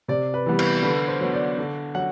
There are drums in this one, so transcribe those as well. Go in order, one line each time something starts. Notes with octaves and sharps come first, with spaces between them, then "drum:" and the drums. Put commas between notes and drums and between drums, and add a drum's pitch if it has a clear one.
C3 D5
B4
E3 G3 B3
B4, drum: cymbal
D3 B4
C5
F#3 B3
D5
D3
F#3 F#5